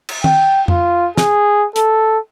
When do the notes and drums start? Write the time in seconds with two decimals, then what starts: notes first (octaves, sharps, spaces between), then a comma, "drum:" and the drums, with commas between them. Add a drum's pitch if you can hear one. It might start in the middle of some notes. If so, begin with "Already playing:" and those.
0.09 drum: cymbal
0.24 G5, drum: tom D#3
0.68 F4, drum: tom F2
1.17 G#4, drum: snare
1.76 A4, drum: hi-hat